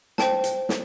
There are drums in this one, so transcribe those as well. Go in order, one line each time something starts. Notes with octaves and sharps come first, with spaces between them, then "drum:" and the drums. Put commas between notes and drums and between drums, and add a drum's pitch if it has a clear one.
C5 G5 A5, drum: snare
drum: hi-hat
drum: snare